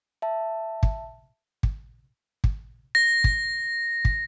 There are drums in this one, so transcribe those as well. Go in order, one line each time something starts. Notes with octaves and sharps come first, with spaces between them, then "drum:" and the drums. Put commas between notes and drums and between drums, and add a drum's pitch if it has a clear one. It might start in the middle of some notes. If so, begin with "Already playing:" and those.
E5 A5
drum: kick
drum: kick
drum: kick
A#6
drum: kick
drum: kick